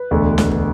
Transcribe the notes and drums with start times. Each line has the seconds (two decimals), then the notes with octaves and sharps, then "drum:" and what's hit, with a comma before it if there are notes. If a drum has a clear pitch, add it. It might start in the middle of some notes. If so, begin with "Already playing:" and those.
Already playing: B4
0.11 E1 D2 D3 A3
0.38 drum: snare
0.51 drum: kick